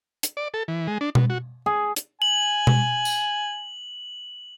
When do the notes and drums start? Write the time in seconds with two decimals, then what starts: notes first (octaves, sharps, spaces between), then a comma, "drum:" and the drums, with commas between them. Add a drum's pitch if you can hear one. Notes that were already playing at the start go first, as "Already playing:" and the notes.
0.23 drum: hi-hat
0.37 D5
0.54 A4
0.68 E3
0.87 G#3
1.01 D4
1.15 B2, drum: tom B2
1.30 F#4
1.66 G#4
1.96 drum: hi-hat
2.22 G#5 F#7
2.67 drum: tom B2
3.05 drum: tambourine